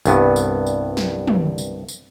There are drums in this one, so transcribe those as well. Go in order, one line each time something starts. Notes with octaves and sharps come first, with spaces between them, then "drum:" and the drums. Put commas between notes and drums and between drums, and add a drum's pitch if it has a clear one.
C2 G2 B3, drum: tambourine
drum: tambourine
drum: tambourine
drum: snare
drum: tom
drum: tambourine
drum: tambourine